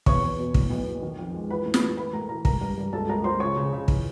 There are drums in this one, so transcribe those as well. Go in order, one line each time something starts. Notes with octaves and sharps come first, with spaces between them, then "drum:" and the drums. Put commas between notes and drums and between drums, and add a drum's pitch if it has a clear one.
E2 C#5 C#6, drum: kick
E2
B2
A2, drum: kick
B1
B1
D#3
F2
G#3
E3 B4 B5
A2
B4 B5, drum: snare
A3
E3 B4 B5
A3 A#4 A#5
E3 A#4 A#5
G2 A#4 A#5, drum: kick
G2
G2
C#2 A4 A5
C#2 A#4 A#5
C#2 C5 C6
C#3 C#5 C#6
C#3
C#3
E3, drum: kick